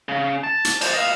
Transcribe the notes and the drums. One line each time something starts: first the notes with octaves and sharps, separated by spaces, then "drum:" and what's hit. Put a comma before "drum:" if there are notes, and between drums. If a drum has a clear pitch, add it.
C#3
A5
drum: hi-hat
C5 D5, drum: cymbal
D#5 F5